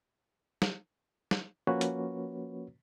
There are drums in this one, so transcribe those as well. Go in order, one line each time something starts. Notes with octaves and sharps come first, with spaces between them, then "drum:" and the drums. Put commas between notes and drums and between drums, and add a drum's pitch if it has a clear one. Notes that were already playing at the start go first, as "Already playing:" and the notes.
drum: snare
drum: snare
F3 A#3 C#4 F#4 B4 C#5
drum: hi-hat